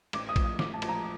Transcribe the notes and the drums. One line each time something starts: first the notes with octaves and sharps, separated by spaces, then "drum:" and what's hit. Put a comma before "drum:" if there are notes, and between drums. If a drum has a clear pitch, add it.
A1 D6, drum: cymbal
D#6
A2 F3, drum: kick A#1, cymbal
D#6
A1 D6, drum: snare
A5
A2 F3, drum: cymbal
A#5